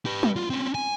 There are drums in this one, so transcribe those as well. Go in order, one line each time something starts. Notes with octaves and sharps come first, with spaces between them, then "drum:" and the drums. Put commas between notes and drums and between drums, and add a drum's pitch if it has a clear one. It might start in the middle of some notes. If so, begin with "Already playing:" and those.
G4 B4
drum: tom
F4 F#4
C4 C#4
G#5